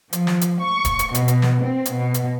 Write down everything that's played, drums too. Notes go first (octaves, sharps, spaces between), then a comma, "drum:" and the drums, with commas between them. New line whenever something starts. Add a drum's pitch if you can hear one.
F3, drum: hi-hat
drum: snare
drum: hi-hat
C#6
drum: kick D1, hi-hat
drum: hi-hat
B2, drum: hi-hat
drum: hi-hat
drum: snare
C4
drum: hi-hat
B2
drum: hi-hat